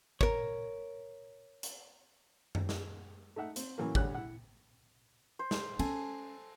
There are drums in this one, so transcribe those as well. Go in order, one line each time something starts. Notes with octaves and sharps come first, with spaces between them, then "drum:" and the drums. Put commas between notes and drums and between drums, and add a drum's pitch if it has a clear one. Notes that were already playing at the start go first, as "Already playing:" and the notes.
A#4 C#5, drum: kick
drum: hi-hat
drum: tom F#2
drum: snare
A3 D#4 E5 F#5
C4, drum: hi-hat
A2 C#3 E3 F#3 A3 A#3
D2 D3 G3 C#5 F#6, drum: kick
E4 F#5
C5
drum: snare
C#4 A4 G#5, drum: cymbal